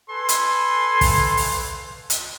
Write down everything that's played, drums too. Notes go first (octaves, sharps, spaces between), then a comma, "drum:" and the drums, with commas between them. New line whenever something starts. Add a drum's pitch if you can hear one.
A4 B4 G#5 C6
drum: hi-hat
drum: kick, open hi-hat
drum: open hi-hat
drum: hi-hat